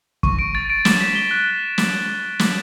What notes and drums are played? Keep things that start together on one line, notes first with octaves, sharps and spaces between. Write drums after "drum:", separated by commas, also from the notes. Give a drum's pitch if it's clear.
C#6, drum: kick
D7
A6
D7
E7, drum: snare
B6
G7
F#6
drum: snare
drum: snare